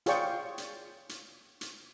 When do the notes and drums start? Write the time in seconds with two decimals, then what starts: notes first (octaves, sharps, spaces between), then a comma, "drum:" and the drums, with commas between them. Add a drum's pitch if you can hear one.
0.06 F4 G#4 C#5 D5 G5 C#6, drum: hi-hat
0.58 drum: hi-hat
1.09 drum: hi-hat
1.61 drum: hi-hat